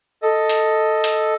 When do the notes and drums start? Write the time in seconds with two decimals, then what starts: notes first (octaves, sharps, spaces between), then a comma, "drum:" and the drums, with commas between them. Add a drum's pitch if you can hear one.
0.22 A4 D#5
0.49 drum: hi-hat
1.04 drum: hi-hat